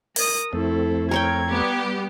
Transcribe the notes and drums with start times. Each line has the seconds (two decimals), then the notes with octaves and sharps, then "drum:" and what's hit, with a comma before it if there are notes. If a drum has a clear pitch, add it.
0.16 A#4 D#6, drum: open hi-hat
0.53 F2 A3 C4 E4 A4
1.11 A#4 C#5 G5 G#6
1.50 G3 B3 G4